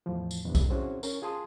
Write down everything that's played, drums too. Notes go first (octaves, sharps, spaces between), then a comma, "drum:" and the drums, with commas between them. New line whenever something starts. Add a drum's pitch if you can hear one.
E2 A2 E3 F3
drum: tambourine
E2 G2 C3 G3 B3 D4
drum: kick B1, tambourine
C4 C#4 E4 F#4 G#4 C5
C#4 A#4, drum: tambourine
F4 G#4 A5 C6 D#6